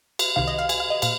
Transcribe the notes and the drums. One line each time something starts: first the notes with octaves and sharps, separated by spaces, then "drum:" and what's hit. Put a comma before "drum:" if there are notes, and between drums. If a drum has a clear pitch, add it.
drum: cymbal
C2 C3 D#3 F5
D#5
F5
G#5, drum: cymbal
F5
D#5
A#2 F5, drum: cymbal